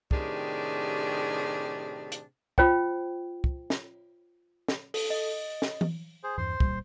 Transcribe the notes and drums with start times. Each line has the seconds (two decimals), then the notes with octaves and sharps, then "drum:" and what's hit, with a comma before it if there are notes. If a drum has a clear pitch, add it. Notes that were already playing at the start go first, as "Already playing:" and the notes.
0.11 A2 C3 D#3 D4 G4 G#4, drum: kick
2.12 drum: hi-hat
2.58 F4 C5 G5, drum: kick
3.44 drum: kick
3.70 drum: snare
4.68 drum: snare
4.94 A4, drum: open hi-hat
5.10 D#5
5.62 drum: snare
5.81 drum: tom E3
6.23 G#4 C5
6.37 E2 G2 C5 C6
6.60 D#1 A#2 G3, drum: kick